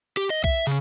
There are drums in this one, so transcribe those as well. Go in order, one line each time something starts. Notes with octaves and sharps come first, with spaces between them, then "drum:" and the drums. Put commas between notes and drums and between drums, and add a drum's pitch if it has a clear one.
G4
D#5
E5, drum: kick B1
C#3